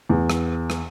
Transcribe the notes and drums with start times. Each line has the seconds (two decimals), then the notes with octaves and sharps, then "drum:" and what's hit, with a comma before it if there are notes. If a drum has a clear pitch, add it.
0.09 E2
0.30 drum: rim click
0.70 drum: rim click